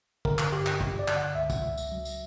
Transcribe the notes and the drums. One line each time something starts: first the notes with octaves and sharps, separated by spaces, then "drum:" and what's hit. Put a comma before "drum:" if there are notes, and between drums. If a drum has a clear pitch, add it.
D3 A#4, drum: kick
drum: clap
G2 G4
drum: clap
G2, drum: kick
D5
D3, drum: clap
F#5
C#2 E5
drum: kick, tambourine
C#2
drum: tambourine
F#3
drum: tambourine